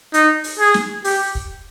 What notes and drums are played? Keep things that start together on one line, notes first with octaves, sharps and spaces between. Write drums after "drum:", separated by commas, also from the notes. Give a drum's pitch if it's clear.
D#4, drum: hi-hat
drum: open hi-hat
G#4
drum: snare
G4, drum: open hi-hat
drum: kick